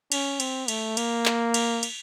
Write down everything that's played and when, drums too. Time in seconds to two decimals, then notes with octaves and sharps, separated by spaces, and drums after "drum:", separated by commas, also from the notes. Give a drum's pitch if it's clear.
0.12 C#4, drum: cymbal
0.40 C4, drum: cymbal
0.68 A3, drum: cymbal
0.97 A#3, drum: cymbal
1.26 drum: clap
1.54 drum: cymbal
1.83 drum: cymbal